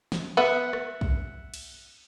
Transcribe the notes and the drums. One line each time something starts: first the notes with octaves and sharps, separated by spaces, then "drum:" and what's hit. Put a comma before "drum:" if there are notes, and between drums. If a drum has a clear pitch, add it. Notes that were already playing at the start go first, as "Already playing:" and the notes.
drum: snare
B3 E5 F#5
drum: rim click
drum: kick
drum: cymbal